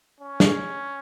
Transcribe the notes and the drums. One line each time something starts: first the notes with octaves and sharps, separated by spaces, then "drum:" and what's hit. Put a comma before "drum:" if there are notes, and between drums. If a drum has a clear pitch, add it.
C#4
drum: snare